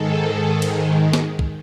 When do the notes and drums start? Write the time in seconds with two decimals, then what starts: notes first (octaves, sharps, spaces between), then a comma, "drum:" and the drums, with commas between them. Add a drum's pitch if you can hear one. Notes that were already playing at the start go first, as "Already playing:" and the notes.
Already playing: G#2 D#3 G#3 A4
0.62 drum: cymbal
1.13 drum: snare
1.39 drum: kick